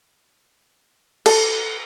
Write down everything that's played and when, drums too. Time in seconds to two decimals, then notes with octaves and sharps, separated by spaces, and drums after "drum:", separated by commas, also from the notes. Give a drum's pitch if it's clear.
1.26 A4, drum: cymbal